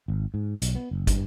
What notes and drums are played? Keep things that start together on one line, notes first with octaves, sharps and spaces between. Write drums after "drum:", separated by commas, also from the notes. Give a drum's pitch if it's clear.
G#1
G#2
B1, drum: hi-hat
B3
F#1
G2, drum: kick, hi-hat